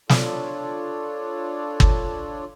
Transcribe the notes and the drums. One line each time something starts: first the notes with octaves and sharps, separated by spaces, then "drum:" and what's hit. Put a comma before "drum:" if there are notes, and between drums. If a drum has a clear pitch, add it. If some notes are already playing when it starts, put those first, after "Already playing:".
D4 F4 A4 C#5 D5, drum: snare
drum: kick